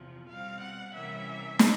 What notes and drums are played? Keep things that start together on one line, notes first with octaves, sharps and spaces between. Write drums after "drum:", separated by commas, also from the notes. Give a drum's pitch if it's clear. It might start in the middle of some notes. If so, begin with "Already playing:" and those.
Already playing: E2 C3 F3
B2 G3 C4 F5
F#5
C3 E3 G3 A#3 C#4 E5
drum: snare